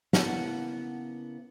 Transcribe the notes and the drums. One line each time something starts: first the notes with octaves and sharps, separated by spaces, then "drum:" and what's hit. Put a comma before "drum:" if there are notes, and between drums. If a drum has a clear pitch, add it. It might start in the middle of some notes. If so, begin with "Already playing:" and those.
C#3 A#3 B3 E4 F#5 A5, drum: snare